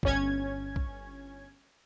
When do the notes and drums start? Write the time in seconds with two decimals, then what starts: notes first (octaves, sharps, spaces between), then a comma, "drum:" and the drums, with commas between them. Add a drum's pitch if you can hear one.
0.03 G1 C#4 G#6, drum: kick
0.76 drum: kick